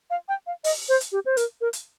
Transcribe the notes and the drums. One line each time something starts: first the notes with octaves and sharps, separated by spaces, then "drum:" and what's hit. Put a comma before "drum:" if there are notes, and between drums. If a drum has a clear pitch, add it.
F5
G5
F5
D#5, drum: open hi-hat
C5
drum: hi-hat
G4
C5
A#4, drum: hi-hat
A#4
drum: hi-hat